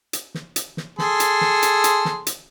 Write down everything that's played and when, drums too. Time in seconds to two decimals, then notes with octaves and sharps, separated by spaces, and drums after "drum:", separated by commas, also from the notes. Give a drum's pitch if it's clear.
0.13 drum: hi-hat
0.34 drum: snare
0.56 drum: hi-hat
0.77 drum: snare
0.99 G#4 A4 C6, drum: snare
1.20 drum: hi-hat
1.41 drum: snare
1.63 drum: hi-hat
1.84 drum: hi-hat
2.05 drum: snare
2.27 drum: hi-hat